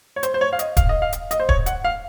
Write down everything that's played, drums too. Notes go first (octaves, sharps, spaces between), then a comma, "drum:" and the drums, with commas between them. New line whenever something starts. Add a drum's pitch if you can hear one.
C#5
C5, drum: hi-hat
C5
C#5
F5
D#5, drum: hi-hat
F5, drum: kick, hi-hat
D#5
F5
drum: hi-hat
D#5, drum: hi-hat
C5
C#5, drum: kick
F#5, drum: hi-hat
F5